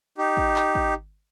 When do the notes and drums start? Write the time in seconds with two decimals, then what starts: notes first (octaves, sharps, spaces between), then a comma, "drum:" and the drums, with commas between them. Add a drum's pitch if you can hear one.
0.18 D#4 G4
0.37 drum: kick
0.56 drum: clap
0.75 drum: kick